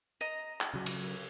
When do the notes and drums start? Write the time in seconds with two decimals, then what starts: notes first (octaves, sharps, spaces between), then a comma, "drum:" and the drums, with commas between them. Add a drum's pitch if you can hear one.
0.21 D#5 A#5
0.61 drum: clap
0.74 C#3 F#3
0.86 drum: cymbal